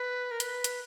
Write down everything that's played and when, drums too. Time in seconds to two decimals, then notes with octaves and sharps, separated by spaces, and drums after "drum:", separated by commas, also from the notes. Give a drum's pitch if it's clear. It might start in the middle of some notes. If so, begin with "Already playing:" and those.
Already playing: B4
0.31 A#4
0.40 B4, drum: hi-hat
0.64 drum: hi-hat